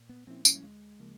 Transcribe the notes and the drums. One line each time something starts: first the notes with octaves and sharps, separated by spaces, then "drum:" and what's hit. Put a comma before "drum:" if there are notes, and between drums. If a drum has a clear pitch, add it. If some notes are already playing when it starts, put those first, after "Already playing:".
Already playing: A#2
B3
F3 A#3 C4 C#4 E4
C#4, drum: tambourine
G3
D2 G#3
C#3 F3 A#3